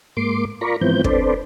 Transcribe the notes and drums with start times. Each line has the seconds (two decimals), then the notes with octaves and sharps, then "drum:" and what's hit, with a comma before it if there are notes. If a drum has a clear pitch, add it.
0.17 G#2 A#3 C6 D6
0.61 F4 A#4 D5 A#5 B5 C#6
0.81 G#2 E3 F3 B3 C4 G6
1.04 C4 D4 A4 B4 C5 D5, drum: kick